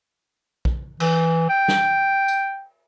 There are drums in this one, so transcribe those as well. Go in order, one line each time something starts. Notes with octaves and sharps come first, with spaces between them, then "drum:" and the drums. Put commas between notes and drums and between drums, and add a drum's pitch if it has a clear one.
drum: kick
E3, drum: cymbal
G5
drum: snare
drum: tambourine